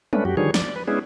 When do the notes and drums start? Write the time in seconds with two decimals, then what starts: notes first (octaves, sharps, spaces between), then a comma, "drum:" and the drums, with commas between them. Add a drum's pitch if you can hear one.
0.13 A3 C#4 D4 B4, drum: tom
0.25 F#2 F#4 G4
0.37 D3 D#3 F3 G3 G#4 C#5
0.54 D5, drum: snare
0.76 B4
0.87 G#3 B3 C#4 D4 E4 G#4